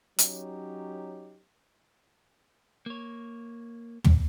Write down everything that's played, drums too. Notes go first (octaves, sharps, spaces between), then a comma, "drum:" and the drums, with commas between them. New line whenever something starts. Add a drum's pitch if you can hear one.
F#3 C#4 D#4 G4, drum: hi-hat
A#3 C#5
drum: tom